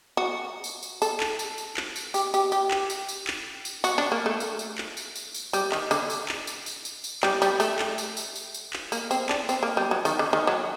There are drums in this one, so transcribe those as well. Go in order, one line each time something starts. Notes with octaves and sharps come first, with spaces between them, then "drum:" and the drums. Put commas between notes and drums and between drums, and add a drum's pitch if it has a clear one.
F#4
drum: tambourine
drum: tambourine
A4, drum: tambourine
drum: clap
drum: tambourine
drum: tambourine
drum: clap
drum: tambourine
G4, drum: tambourine
G4, drum: tambourine
G4, drum: tambourine
drum: clap
drum: tambourine
drum: tambourine
drum: clap
drum: tambourine
F#4, drum: tambourine
D4
A#3
A3
drum: tambourine
drum: tambourine
drum: clap
drum: tambourine
drum: tambourine
drum: tambourine
G3, drum: tambourine
D#3, drum: clap
D3, drum: tambourine
drum: tambourine
drum: clap
drum: tambourine
drum: tambourine
drum: tambourine
drum: tambourine
G3, drum: clap
G3, drum: tambourine
A3, drum: tambourine
drum: clap
drum: tambourine
drum: tambourine
drum: tambourine
drum: tambourine
drum: clap
A#3, drum: tambourine
C4, drum: tambourine
D4, drum: clap
C4, drum: tambourine
A#3
G3
F#3
D#3, drum: tambourine
D3
D#3
F#3